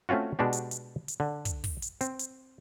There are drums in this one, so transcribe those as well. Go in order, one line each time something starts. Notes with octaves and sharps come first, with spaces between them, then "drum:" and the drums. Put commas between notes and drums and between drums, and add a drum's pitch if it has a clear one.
A3 C4 C#4 F4 F#4
B2 G#3 D4 F#4 G4
drum: hi-hat
drum: hi-hat
drum: hi-hat
D3
drum: kick, hi-hat
drum: kick, open hi-hat
drum: hi-hat
C4, drum: hi-hat
drum: hi-hat